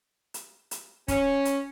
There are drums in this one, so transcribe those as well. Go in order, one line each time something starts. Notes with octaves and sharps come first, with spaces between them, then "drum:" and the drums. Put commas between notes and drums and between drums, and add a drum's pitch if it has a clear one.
drum: hi-hat
drum: hi-hat
C#4, drum: kick, hi-hat
drum: hi-hat